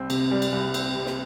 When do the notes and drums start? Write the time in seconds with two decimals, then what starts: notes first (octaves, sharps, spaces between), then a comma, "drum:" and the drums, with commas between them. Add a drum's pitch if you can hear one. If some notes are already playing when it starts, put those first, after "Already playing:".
Already playing: C2 C4
0.10 C3, drum: cymbal
0.31 G3
0.42 drum: cymbal
0.52 C2
0.74 C4, drum: cymbal
0.95 C3
1.06 drum: snare